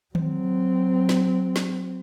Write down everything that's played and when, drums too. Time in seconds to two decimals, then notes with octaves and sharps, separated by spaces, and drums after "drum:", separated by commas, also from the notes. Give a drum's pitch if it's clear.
0.15 F#3 C4, drum: tom D#3
1.09 drum: snare
1.56 drum: snare